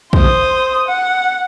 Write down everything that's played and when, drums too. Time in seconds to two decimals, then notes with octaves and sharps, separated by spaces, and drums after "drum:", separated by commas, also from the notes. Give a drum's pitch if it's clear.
0.13 C5 D#6, drum: kick
0.87 F#5